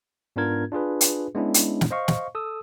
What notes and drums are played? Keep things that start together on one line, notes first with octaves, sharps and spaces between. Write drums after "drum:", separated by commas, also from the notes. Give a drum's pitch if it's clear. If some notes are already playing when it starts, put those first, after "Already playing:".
G#2 B3 D4 F4 A#4 G#6
D4 F4 G#4 B4
drum: hi-hat
G#3 B3 C#4 D4 E4
drum: hi-hat
drum: snare
C5 D#5 F5 C#6
drum: snare
A4 D#6 E6